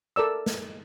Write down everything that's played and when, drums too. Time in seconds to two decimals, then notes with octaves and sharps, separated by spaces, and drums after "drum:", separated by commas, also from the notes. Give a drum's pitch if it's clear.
0.16 A4 A#4 D5 E6
0.46 drum: snare